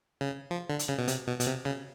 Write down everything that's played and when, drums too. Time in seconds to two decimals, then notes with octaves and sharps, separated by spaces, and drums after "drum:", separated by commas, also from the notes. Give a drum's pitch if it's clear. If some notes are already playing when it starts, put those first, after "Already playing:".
0.21 C#3
0.51 F3
0.70 D3
0.79 drum: hi-hat
0.88 C#3
0.98 B2
1.08 C3, drum: hi-hat
1.27 B2
1.40 B2, drum: hi-hat
1.47 C3
1.65 C#3